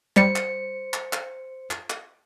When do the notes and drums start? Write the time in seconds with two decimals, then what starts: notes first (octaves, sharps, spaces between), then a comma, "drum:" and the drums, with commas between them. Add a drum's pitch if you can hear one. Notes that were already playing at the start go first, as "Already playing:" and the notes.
0.16 G3 C5 C#7, drum: clap
0.36 drum: clap
0.94 drum: clap
1.13 drum: clap
1.71 drum: clap
1.90 drum: clap